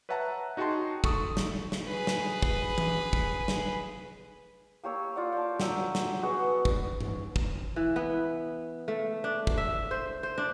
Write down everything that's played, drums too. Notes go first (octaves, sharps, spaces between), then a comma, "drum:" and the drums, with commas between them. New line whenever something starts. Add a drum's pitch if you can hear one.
B4 C#5 E5 F#5 A5 A#5
D#4 F#4 G#4 G5 A5 C6
A4 C#6 D#6, drum: kick
drum: snare
drum: snare
G#4 B4
drum: snare
drum: kick
drum: tom E3
drum: kick
drum: snare
A#3 G4 C#5 E6
F4 D5 F#5
G5 A5
F#3 G5 E6, drum: snare
drum: snare
B3 F#4 G#4 F#5
F#4
drum: kick
drum: tom G2
drum: kick
E3
B3
A3
D4
drum: kick
E5
C5
C5
D4